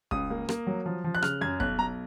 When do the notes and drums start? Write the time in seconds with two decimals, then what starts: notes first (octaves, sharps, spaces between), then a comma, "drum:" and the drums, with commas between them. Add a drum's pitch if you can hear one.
0.11 C#2 D#6, drum: kick
0.30 A#3
0.49 A#3, drum: rim click
0.67 F#3
0.86 F3
1.04 F3
1.15 F#6
1.22 C#3 F6, drum: rim click
1.41 F#2 G#6
1.60 B1 F#6, drum: kick
1.78 B1 A#5